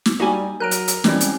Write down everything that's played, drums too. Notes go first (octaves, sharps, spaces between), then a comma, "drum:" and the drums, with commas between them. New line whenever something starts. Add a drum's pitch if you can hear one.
drum: snare
G3 A#3 D#4 F#4 G4 G#5
F#3 A#4 A#5 F#6 D7
drum: hi-hat
drum: hi-hat
E3 G3 G#3 C4 C#4 E4 G4, drum: snare
drum: hi-hat